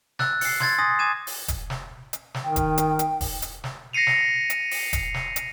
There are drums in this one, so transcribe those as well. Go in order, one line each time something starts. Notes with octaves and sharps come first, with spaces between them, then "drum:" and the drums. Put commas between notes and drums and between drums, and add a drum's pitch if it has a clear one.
E6 F#6 A6, drum: snare
C7 C#7, drum: open hi-hat
C6 G#6 A6, drum: snare
G#5 C6 D#6 A#6
G#5 D6 G#6 D#7 E7
drum: open hi-hat
drum: kick E1, hi-hat
drum: snare
drum: hi-hat
drum: snare
D#3 G5
drum: kick E1, hi-hat
drum: hi-hat
drum: hi-hat
drum: kick E1, open hi-hat
drum: hi-hat
drum: snare
A#6 C7 C#7 D#7 F7
drum: snare
drum: hi-hat
drum: open hi-hat
drum: kick E1, hi-hat
drum: snare
drum: hi-hat